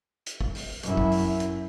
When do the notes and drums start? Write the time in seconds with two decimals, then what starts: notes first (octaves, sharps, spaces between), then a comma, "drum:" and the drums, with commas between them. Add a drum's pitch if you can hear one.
0.26 drum: hi-hat
0.41 drum: kick
0.55 drum: open hi-hat
0.83 F#2 E4, drum: hi-hat
0.97 drum: kick
1.12 drum: open hi-hat
1.40 drum: hi-hat